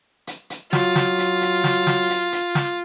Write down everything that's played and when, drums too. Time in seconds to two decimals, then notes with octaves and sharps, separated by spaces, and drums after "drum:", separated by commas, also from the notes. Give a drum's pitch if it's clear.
0.27 drum: hi-hat
0.50 drum: hi-hat
0.73 F#3 F4, drum: snare
0.96 drum: snare
1.18 drum: hi-hat
1.41 drum: hi-hat
1.64 drum: snare
1.87 drum: snare
2.10 drum: hi-hat
2.32 drum: hi-hat
2.55 drum: snare